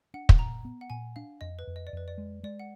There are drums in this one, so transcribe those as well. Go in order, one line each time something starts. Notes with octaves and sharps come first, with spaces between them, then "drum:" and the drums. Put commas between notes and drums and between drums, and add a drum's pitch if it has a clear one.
D4 F#5
drum: kick
A#2 A#5
B3
F#5
A#2 G#5
D4 F5
F2 D#5
B4
F2
D#5
D5
F2 B4
D5
G#3
G#3 D5
F#5